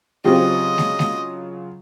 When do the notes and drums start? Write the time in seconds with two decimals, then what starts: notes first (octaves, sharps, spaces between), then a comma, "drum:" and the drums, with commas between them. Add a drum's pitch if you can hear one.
0.25 C#3 F#3 C4 F4 G4 D#5
0.78 drum: snare
0.99 drum: snare